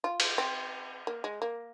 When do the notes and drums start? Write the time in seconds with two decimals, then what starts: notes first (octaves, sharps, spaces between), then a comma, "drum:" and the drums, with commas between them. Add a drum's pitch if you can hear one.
0.04 F4
0.20 drum: cymbal
0.38 C4
1.07 A#3
1.24 G#3
1.42 A#3